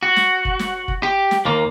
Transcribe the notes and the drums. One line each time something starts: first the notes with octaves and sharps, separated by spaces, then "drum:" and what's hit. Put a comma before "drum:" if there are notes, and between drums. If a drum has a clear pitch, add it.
F#4
drum: snare
drum: kick
drum: snare
drum: kick
G4
drum: snare
D#2 A#3